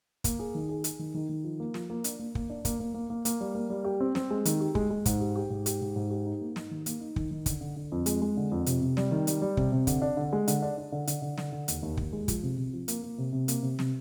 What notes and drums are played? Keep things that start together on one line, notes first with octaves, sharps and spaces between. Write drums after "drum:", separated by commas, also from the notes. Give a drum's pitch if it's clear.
A#3, drum: kick, hi-hat
G#4
D#3
G#4
G#4, drum: hi-hat
D#3
D#3
D#3
F3
A#3
F3, drum: snare
A#3
D4, drum: hi-hat
A#3
A#3, drum: kick
D4
A#3, drum: kick, hi-hat
A#3
A#3
A#3
A#3, drum: hi-hat
G3
A#3
G3
G4
C4
C4, drum: snare
G#3
D#3, drum: hi-hat
G4
G#3, drum: kick
G#3
G#2, drum: kick, hi-hat
G4
G4
G#2
G4, drum: hi-hat
G#2
G#2
G4
D#4
A#3
D#4, drum: snare
D#3
A#3, drum: hi-hat
D#4
D#3, drum: kick
D#3
D3, drum: kick, hi-hat
D3
D3
F2
G#3, drum: hi-hat
G#3
D3
F2
C3, drum: hi-hat
C3
G3, drum: snare
D#3
G3, drum: hi-hat
G3
C3, drum: kick
C3
D3, drum: kick, hi-hat
D4
D3
G#3
D3, drum: hi-hat
D4
D4
D3
D3, drum: hi-hat
D3
D3, drum: snare
D3
D#2, drum: hi-hat
D#2
D#2, drum: kick
G#3
F3, drum: kick, hi-hat
C3
C3
F3
A#3, drum: hi-hat
A#3
C3
C3
A#3, drum: hi-hat
C3
C3, drum: snare